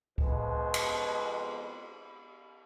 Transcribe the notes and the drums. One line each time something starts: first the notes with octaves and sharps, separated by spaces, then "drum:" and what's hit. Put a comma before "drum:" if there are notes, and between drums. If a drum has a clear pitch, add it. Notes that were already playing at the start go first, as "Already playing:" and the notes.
F2 B2 G#3, drum: kick C#2
drum: cymbal